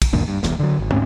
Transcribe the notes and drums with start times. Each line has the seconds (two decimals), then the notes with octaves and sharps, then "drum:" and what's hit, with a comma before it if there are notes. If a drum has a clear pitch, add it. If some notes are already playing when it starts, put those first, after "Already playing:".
0.02 drum: kick, cymbal
0.13 C#2 F#2 A#2 D3
0.28 G2
0.43 F1 E2, drum: snare
0.59 D3 F#3
0.79 G#1
0.92 D2 G#2 C4 C#4